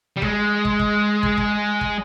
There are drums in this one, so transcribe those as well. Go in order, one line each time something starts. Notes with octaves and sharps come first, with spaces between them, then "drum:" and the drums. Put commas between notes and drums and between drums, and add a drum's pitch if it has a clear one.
G3
G#3, drum: kick
drum: kick
drum: kick
drum: kick
drum: kick
drum: kick